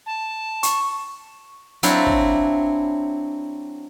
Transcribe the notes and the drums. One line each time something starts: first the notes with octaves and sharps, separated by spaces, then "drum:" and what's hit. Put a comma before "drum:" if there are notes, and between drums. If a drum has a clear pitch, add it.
A5
C#6, drum: hi-hat
F#3 C4 D4 E4 F5 C6, drum: hi-hat
drum: kick